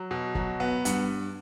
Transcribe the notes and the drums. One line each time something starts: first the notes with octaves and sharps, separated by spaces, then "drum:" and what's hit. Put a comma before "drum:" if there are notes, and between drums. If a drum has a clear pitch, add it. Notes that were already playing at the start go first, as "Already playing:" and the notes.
Already playing: F#3
B2
F#3, drum: kick
B3
G2 F#5, drum: hi-hat